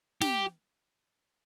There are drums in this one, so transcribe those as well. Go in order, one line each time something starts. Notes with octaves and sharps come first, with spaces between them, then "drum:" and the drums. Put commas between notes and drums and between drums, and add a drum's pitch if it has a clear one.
G4, drum: snare